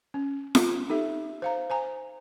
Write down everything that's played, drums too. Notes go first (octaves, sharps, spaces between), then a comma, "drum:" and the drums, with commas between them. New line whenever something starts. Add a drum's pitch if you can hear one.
C#4
drum: snare F4
D#4 G4 A4 E5
C5 F5 A#5
C5 G#5 A#5